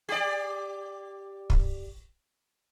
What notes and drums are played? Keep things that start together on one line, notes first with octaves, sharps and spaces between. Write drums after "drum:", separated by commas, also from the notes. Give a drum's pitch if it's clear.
G4 D5
drum: kick